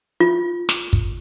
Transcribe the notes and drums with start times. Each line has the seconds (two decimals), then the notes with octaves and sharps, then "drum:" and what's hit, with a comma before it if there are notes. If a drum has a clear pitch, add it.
0.20 F4
0.69 drum: snare
0.93 drum: kick